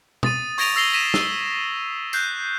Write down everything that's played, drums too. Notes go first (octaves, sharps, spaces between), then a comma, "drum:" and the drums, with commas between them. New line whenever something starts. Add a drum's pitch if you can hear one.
D#6 A6 D#7, drum: tom
C#6 G#6 A#6 D7 F7, drum: open hi-hat
E6 A#6 C7 F7 G7
A#6 B6 D#7 E7
E6, drum: snare
F#6 G6 C7, drum: tambourine